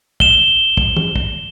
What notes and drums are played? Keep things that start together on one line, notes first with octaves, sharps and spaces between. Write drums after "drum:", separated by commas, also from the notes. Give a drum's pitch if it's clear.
E7 G7, drum: kick
drum: kick
drum: tom
drum: kick